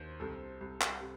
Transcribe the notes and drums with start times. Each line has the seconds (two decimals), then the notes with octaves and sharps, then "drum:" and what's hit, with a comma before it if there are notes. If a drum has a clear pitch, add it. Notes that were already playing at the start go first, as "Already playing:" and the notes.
Already playing: D#2 C5
0.20 C2 A4
0.61 C2
0.81 drum: clap
1.00 C3